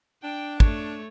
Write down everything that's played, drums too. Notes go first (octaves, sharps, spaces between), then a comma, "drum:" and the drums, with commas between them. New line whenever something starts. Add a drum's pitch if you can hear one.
D4 G5
A3 C#5, drum: kick